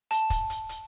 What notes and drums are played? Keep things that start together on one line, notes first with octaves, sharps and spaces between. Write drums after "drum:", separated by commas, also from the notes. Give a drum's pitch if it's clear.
A5, drum: hi-hat
drum: kick, hi-hat
drum: hi-hat
drum: hi-hat